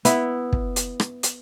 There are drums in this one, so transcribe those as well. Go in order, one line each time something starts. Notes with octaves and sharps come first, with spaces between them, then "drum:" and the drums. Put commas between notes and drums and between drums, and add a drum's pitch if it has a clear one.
B3 E4, drum: hi-hat
drum: kick
drum: hi-hat
drum: rim click
drum: hi-hat